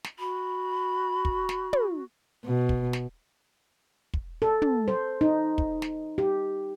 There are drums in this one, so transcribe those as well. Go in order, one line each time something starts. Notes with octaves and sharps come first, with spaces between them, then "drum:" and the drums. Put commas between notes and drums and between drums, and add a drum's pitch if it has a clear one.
drum: snare
F#4 B5
drum: kick
drum: snare
drum: tom
B2
drum: kick
drum: snare
drum: kick
A4
drum: tom
C5
D#4
drum: kick
drum: snare
G4